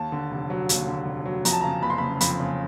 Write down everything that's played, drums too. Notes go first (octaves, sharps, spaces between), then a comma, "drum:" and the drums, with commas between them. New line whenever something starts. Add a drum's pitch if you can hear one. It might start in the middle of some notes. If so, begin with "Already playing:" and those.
Already playing: D#2 A5
D3
F1
F#3
D#2, drum: hi-hat
D3
F1
F#3
F2 A#5, drum: hi-hat
A5
C#3 A#5
F#1 B5
C6
F#1 B5
F2 B5, drum: hi-hat
C#3